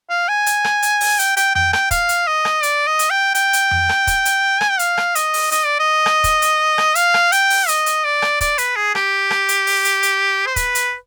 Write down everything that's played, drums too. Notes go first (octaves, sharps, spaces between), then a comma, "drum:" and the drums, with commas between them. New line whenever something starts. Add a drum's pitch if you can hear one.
F5
G#5
drum: hi-hat
drum: rim click
drum: hi-hat
drum: open hi-hat
G5, drum: hi-hat
G5, drum: hi-hat
G5, drum: tom F2
G5, drum: rim click
F5, drum: kick, hi-hat
drum: hi-hat
D#5
drum: rim click
D5, drum: hi-hat
D#5
drum: hi-hat
G5
G5, drum: hi-hat
drum: hi-hat
drum: tom F2
drum: rim click
drum: kick, hi-hat
drum: hi-hat
G#5, drum: rim click
G5
F5, drum: hi-hat
drum: rim click
D#5, drum: hi-hat
drum: open hi-hat
D#5, drum: hi-hat
D5
D#5
drum: rim click
drum: kick, hi-hat
drum: hi-hat
drum: rim click
F5, drum: hi-hat
drum: rim click
G5, drum: hi-hat
drum: open hi-hat
D#5, drum: hi-hat
drum: hi-hat
D5
drum: rim click
D5, drum: kick, hi-hat
B4, drum: hi-hat
G#4
G4, drum: rim click
drum: rim click
drum: hi-hat
drum: open hi-hat
drum: hi-hat
drum: hi-hat
C5
B4, drum: kick, hi-hat
drum: hi-hat